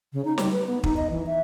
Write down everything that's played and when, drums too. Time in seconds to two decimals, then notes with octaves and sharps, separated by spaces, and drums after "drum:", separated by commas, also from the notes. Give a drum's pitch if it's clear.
0.13 C#3
0.25 D#4
0.38 G3, drum: snare
0.52 B4
0.67 B3
0.84 D#4, drum: kick
0.97 D#5
1.10 E3
1.26 E5